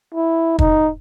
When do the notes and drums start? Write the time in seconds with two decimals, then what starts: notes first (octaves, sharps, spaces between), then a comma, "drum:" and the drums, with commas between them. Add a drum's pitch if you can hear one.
0.14 E4
0.59 D#4, drum: kick